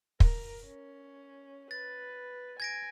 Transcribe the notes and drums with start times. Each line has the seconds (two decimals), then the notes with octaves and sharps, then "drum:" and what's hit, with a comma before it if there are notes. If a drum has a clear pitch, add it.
0.20 A#4, drum: kick
0.65 C#4
1.71 B4 A6
2.60 G#5 G#6 A#6 D7